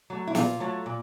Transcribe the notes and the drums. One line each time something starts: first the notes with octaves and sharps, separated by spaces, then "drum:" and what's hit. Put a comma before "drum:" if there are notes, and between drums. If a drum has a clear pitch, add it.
F#3 A3
E4
A#2 F4, drum: snare
F#3 A3
A#2